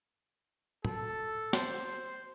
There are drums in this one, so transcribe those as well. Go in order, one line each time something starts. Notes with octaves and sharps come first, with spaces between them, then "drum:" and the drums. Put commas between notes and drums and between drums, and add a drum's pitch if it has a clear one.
A4, drum: tom
C5, drum: snare